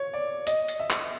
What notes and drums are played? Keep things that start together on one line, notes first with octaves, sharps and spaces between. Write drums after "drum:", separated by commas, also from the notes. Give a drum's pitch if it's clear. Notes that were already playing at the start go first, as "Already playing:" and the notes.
Already playing: C#5
D5
D#5, drum: hi-hat
drum: hi-hat
E5
drum: clap